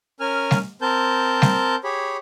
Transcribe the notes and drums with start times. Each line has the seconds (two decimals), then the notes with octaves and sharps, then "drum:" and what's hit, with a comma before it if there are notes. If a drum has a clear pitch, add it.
0.20 C#4 A#4 G#5 F6
0.51 drum: snare G3
0.82 C4 A#4 A5 G6
1.42 drum: snare G3
1.84 G4 G#4 C#5 B5